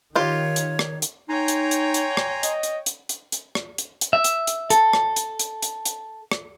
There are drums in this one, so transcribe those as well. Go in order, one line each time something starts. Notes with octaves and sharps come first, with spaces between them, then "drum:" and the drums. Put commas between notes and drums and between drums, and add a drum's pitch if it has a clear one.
D#3 F4 G4 C#5
drum: hi-hat
drum: rim click
drum: hi-hat
D#4 C#5 G5 G#5 A#5 C6
drum: hi-hat
drum: hi-hat
drum: hi-hat
drum: rim click
D#5, drum: hi-hat
drum: hi-hat
drum: hi-hat
drum: hi-hat
drum: hi-hat
drum: rim click
drum: hi-hat
drum: hi-hat
E5
drum: hi-hat
drum: hi-hat
A4, drum: hi-hat
drum: rim click
drum: hi-hat
drum: hi-hat
drum: hi-hat
drum: hi-hat
drum: rim click